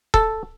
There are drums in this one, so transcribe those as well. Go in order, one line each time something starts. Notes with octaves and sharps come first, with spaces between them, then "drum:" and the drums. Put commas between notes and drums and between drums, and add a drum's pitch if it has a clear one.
A4, drum: kick